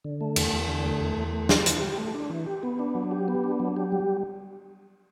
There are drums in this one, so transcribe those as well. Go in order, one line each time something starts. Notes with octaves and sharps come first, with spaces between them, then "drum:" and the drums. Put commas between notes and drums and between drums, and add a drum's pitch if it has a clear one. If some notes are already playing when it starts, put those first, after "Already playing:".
D3
A3
E2, drum: cymbal
E2
D3
A3
E2
E2
A3
D4, drum: snare
E3, drum: hi-hat
G4
A3
D4
E3
G4
B3
D4
F#3
G4
B3
D4
F#3
G4
G3